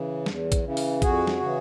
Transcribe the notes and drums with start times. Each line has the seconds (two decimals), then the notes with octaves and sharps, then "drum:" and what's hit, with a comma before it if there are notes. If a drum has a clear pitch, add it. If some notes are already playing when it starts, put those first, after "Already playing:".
Already playing: C#3 E3
0.26 E2, drum: snare
0.52 drum: kick, hi-hat
0.64 C#3 E3
0.77 drum: open hi-hat
1.02 F2 F#4 G#4, drum: kick, hi-hat
1.27 drum: snare
1.40 C#3 E3